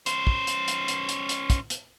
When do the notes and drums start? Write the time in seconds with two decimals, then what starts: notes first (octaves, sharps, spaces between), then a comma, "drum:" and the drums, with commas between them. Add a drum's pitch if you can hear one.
0.06 C#4 C5, drum: hi-hat
0.27 drum: kick
0.47 drum: hi-hat
0.68 drum: hi-hat
0.88 drum: hi-hat
1.09 drum: hi-hat
1.29 drum: hi-hat
1.50 drum: kick, hi-hat
1.70 drum: hi-hat